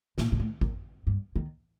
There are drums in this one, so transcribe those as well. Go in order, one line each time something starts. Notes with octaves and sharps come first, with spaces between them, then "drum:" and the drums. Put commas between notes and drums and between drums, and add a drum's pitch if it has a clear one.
A#2, drum: snare
A#2
A2
F#2, drum: kick G#1
G2
D#3